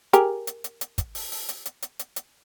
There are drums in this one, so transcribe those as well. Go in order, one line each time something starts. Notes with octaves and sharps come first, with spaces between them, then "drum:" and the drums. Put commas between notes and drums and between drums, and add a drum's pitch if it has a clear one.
G4 G#4 A#4, drum: hi-hat
drum: hi-hat
drum: hi-hat
drum: hi-hat
drum: kick, hi-hat
drum: open hi-hat
drum: open hi-hat
drum: hi-hat
drum: hi-hat
drum: hi-hat
drum: hi-hat
drum: hi-hat